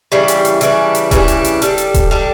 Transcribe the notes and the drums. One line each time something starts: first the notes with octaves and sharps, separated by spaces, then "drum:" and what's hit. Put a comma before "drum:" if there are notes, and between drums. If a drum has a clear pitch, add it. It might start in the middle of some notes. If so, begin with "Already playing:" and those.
C#3 E3 G3 D4
drum: hi-hat
drum: hi-hat
C#3 E3 G3 D4, drum: hi-hat
drum: hi-hat
C#3 E3 G3 D4, drum: kick D#1, hi-hat
drum: hi-hat
drum: hi-hat
G3 D4 A4, drum: hi-hat
drum: hi-hat
drum: kick D#1, hi-hat
G3 D4 A4